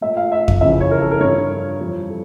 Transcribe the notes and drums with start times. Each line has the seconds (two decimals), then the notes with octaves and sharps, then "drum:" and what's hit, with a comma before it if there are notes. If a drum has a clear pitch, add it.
0.01 A#2 A3 E5
0.17 F5
0.32 E5
0.48 drum: kick F2
0.61 F2 C#3 E3 E5
0.80 C#5
0.91 A#4
1.01 A4
1.11 A#4
1.20 G2 D3 G3 C#5
1.79 F2 E3 G3 C#5
2.09 A4